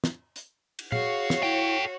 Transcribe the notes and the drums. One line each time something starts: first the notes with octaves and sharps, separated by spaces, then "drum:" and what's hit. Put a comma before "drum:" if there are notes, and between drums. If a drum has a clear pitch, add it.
drum: snare
drum: hi-hat
drum: cymbal
F#4 G#4 C#5 F5, drum: tom A#2
drum: snare
E4 A4 G5